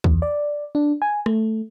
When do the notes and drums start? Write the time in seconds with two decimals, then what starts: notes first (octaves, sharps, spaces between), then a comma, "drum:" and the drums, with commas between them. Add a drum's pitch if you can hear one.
0.04 E2, drum: kick
0.22 D5
0.75 D4
1.02 G#5
1.26 A3, drum: rim click